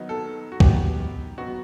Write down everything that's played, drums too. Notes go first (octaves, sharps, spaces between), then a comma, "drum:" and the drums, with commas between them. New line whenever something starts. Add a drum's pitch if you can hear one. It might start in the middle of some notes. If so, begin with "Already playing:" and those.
Already playing: D#3 F#3 B3 D#4
A4
F#4
D#3 F#3 B3 D#4 G4, drum: kick
D#3 F#3 B3 D#4 F#4